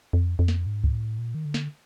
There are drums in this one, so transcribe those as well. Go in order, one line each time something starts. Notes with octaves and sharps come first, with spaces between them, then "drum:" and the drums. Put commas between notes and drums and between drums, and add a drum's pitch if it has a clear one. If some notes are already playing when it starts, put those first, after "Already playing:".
F2
F2
drum: snare
G#2
drum: kick C#2
A2
A#2
D#3
D3
drum: snare